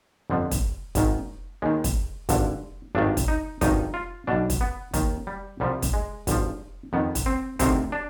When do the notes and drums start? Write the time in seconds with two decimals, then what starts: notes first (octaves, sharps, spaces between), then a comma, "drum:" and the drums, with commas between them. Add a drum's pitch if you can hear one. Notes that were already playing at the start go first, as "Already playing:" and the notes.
0.30 G1 F2 D3 F3
0.51 drum: kick, hi-hat
0.95 G#1 G#2 D#3, drum: kick, hi-hat
1.62 D#2 D#3 G#3
1.84 drum: kick, hi-hat
2.29 G#1 G2 D3, drum: kick, hi-hat
2.95 G#1 G2 D#3 D4
3.17 drum: kick, hi-hat
3.28 D#4
3.61 G#1 G2 D#3 D#4, drum: kick, hi-hat
3.94 F4
4.27 B1 B2 D4
4.50 drum: kick, hi-hat
4.61 B3
4.94 D#2 D#3, drum: kick, hi-hat
5.27 G3
5.60 C2 C3 F3 G3
5.82 drum: kick, hi-hat
5.93 G#3
6.27 G#1 G2 F3, drum: kick, hi-hat
6.93 F2 D#3 B3
7.15 drum: kick, hi-hat
7.26 C4
7.59 D2 C3 D#3 C4, drum: kick, hi-hat
7.92 D4